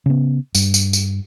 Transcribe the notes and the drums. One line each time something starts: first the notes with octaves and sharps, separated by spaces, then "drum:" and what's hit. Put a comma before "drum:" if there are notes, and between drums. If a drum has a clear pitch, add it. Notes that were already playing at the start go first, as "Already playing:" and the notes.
C#3 B3
G2, drum: tambourine
drum: tambourine
drum: tambourine